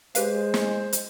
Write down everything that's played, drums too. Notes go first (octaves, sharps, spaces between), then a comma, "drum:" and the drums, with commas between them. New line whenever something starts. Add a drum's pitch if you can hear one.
G#3 G4 B4 C5 F5, drum: hi-hat
drum: snare
drum: hi-hat